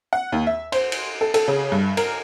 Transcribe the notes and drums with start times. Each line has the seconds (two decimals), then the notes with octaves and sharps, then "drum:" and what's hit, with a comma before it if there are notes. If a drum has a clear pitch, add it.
0.13 F#5
0.32 D#2
0.47 E5
0.72 C5, drum: cymbal
0.92 drum: cymbal
1.21 A4
1.34 A4, drum: cymbal
1.48 C#3
1.72 G2
1.97 A#4, drum: cymbal